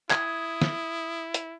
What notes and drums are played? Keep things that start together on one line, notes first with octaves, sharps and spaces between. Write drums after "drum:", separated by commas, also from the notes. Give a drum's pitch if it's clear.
E4 D#6 G#6, drum: clap
drum: snare
drum: hi-hat